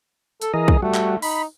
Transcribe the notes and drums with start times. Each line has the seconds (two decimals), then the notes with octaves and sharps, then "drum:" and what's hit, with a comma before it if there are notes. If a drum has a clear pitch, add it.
0.42 A4, drum: hi-hat
0.54 E3 G#4 A#4 D#5
0.68 drum: kick
0.82 G3 A3 F#4
0.94 drum: clap
1.22 D#4 B5, drum: open hi-hat